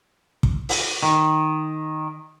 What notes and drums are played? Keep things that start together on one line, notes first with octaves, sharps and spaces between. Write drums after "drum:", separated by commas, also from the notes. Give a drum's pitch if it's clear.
drum: kick
drum: open hi-hat
D#3